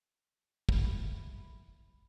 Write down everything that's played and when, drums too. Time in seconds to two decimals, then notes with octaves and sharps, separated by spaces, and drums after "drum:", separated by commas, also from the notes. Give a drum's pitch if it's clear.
0.69 E4, drum: kick